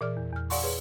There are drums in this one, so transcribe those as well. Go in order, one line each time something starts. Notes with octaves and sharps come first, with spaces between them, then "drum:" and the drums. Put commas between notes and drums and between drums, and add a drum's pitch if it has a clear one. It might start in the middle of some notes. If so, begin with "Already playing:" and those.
A#2 E3 G#4 D5 D6 F6
E2
E2 F6
D5 F5 F#5 G#5 C6 C#6, drum: open hi-hat
G#4 B4 C#5 C6